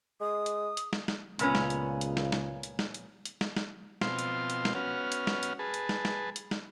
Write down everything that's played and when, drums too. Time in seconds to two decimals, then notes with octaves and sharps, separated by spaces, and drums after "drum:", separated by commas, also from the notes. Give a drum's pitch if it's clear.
0.21 G#3 D#6
0.46 drum: hi-hat
0.77 drum: hi-hat
0.93 drum: snare
1.08 drum: snare
1.39 C#2 A#2 C#3 B3 C#4, drum: hi-hat
1.55 drum: snare
1.70 drum: hi-hat
2.01 drum: hi-hat
2.17 drum: snare
2.32 drum: snare
2.63 drum: hi-hat
2.79 drum: snare
2.94 drum: hi-hat
3.25 drum: hi-hat
3.41 drum: snare
3.56 drum: snare
4.01 B2 F3 C4 F5 C6, drum: snare
4.19 drum: hi-hat
4.50 drum: hi-hat
4.65 drum: snare
4.75 B3 C#4 F#4 F6
5.12 drum: hi-hat
5.27 drum: snare
5.43 drum: hi-hat
5.59 G#4 B4 A5
5.74 drum: hi-hat
5.89 drum: snare
6.05 drum: snare
6.36 drum: hi-hat
6.51 drum: snare